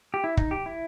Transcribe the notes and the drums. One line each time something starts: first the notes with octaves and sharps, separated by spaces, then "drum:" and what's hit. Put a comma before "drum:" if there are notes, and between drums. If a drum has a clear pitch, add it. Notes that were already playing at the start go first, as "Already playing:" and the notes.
G4
E4
D#4, drum: kick
G4
E4